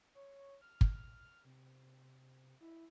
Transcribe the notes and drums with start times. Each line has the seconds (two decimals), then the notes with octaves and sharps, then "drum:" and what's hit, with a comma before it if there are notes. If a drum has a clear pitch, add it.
0.15 C#5
0.61 F6
0.81 drum: kick
1.45 C3
2.61 E4